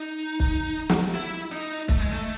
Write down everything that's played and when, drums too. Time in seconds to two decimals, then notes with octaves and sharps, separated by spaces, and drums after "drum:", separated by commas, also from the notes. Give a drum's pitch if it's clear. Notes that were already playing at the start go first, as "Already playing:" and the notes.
Already playing: D#4
0.40 drum: kick
0.89 drum: snare
1.14 E4
1.52 D#4
1.89 A3, drum: kick
2.01 G#3
2.12 A3